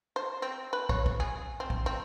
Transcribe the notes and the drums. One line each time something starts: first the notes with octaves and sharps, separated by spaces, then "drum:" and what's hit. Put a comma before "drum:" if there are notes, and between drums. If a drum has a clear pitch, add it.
C5
C4
B4
C#5, drum: kick
drum: kick
G#4
C4
drum: kick
C4